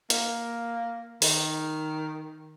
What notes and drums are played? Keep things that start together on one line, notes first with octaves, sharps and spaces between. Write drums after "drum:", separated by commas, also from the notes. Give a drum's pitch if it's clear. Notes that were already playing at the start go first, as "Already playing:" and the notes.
A#3, drum: hi-hat
D#3, drum: open hi-hat